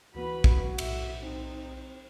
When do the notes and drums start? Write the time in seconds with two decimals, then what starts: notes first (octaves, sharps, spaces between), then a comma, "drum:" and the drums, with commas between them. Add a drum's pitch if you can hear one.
0.15 D2 E3 A#3 F#4 B4 B5
0.44 drum: kick
0.78 B1 A2 E5, drum: cymbal
1.21 C4 D#4